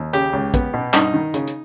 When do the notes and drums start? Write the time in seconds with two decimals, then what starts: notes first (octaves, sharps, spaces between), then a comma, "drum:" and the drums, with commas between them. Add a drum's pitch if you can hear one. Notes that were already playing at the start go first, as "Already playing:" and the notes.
Already playing: D#2
0.13 C#3 G4, drum: hi-hat
0.33 C#2
0.54 B3, drum: kick, hi-hat
0.74 B2
0.94 G2 D#4, drum: clap
1.14 D#3
1.34 C#3, drum: hi-hat
1.47 drum: hi-hat